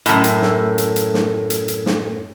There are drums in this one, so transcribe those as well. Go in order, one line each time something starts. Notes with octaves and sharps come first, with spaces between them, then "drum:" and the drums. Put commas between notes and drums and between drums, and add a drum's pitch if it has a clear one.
F#2 A2, drum: hi-hat
drum: hi-hat
drum: snare
drum: hi-hat
drum: hi-hat
drum: snare
drum: hi-hat
drum: hi-hat
drum: snare